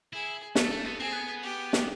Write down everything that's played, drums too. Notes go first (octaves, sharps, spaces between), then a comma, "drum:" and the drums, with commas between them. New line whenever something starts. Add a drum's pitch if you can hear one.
E4 G#4
A3 A4, drum: snare
A3
B3
C4 G#4
B3
G4
drum: snare